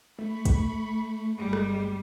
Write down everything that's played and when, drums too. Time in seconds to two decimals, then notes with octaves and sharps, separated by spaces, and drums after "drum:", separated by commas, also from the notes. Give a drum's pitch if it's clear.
0.19 A3 B5 C#6
0.45 drum: kick, hi-hat
1.38 G1 D2 G3 G#3
1.53 drum: rim click